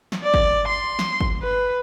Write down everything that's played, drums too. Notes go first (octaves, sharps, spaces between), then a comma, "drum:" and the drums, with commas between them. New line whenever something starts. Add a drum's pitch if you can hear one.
drum: snare
D5
drum: kick
C6
drum: snare
drum: kick
B4